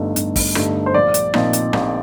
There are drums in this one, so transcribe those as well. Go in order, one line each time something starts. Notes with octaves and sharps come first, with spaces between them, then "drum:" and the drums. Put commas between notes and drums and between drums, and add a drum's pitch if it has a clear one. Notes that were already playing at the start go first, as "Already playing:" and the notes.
Already playing: G1 G2 D3 A3 D#4
G1, drum: hi-hat
drum: kick, open hi-hat
G2 D3 A3 D#4, drum: rim click
C5
A#1 D5
drum: hi-hat
A#2 F3 C4 D#4, drum: rim click
drum: hi-hat
A#1, drum: rim click